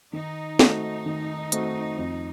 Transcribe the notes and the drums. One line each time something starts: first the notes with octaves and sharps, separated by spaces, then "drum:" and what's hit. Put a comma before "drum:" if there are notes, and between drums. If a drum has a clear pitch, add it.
D#3 D#4
A3 C4 F#4, drum: snare
D#3
A3 C4 F#4, drum: hi-hat
F2